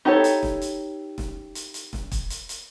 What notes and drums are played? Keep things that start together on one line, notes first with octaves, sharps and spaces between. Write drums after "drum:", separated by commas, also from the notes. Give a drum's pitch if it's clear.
D#4 E4 G4 A4 C#5
drum: hi-hat
drum: snare
drum: hi-hat
drum: snare
drum: hi-hat
drum: hi-hat
drum: snare
drum: kick, hi-hat
drum: hi-hat
drum: hi-hat